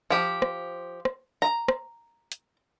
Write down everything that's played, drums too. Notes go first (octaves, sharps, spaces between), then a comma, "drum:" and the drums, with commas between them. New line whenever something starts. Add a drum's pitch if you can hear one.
F3 G4
drum: rim click
drum: rim click
A#5
drum: rim click
drum: hi-hat